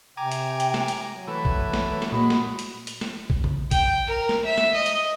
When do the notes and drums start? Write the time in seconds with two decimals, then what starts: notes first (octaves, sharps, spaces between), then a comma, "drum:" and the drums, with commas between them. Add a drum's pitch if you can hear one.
0.17 C3 G5 G#5 A#5 D6
0.31 drum: hi-hat
0.60 drum: hi-hat
0.74 drum: snare
0.88 drum: hi-hat
1.09 F#3
1.27 E3 A3 B4
1.45 drum: kick A#1
1.74 drum: snare
2.02 drum: snare
2.12 A#2 G#3 A#3 F#4 B5
2.30 drum: snare
2.59 drum: hi-hat
2.87 drum: hi-hat
3.01 drum: snare
3.30 drum: kick A#1
3.44 drum: tom C#3
3.71 G5, drum: kick A#1, hi-hat
4.07 A#4
4.29 drum: snare
4.46 E5
4.58 drum: snare
4.75 D#5
4.86 drum: hi-hat